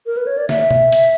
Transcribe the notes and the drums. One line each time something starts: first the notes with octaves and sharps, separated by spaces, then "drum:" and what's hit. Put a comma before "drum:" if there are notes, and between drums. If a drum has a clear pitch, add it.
A#4
B4
C#5
D5
E5, drum: snare
drum: tom B2
drum: hi-hat